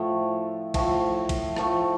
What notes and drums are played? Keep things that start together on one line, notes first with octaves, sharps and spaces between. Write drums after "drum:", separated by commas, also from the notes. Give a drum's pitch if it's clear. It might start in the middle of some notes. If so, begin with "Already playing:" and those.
Already playing: A2 F3 A3
A2 F3 A3, drum: kick A1, cymbal
drum: kick A1, cymbal
A2 F3 A3, drum: rim click